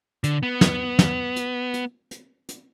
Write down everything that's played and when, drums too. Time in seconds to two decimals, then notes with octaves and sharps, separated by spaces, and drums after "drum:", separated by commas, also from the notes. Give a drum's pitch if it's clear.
0.24 D3, drum: hi-hat
0.43 B3
0.61 drum: snare
0.99 drum: snare
1.36 drum: hi-hat
1.74 drum: hi-hat
2.11 drum: hi-hat
2.49 drum: hi-hat